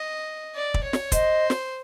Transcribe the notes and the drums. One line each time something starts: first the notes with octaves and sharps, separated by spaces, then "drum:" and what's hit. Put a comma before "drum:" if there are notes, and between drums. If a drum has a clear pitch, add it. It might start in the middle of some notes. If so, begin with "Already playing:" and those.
Already playing: D#5
D5
drum: kick
C#5
drum: snare
C5 D#5, drum: kick, hi-hat
drum: snare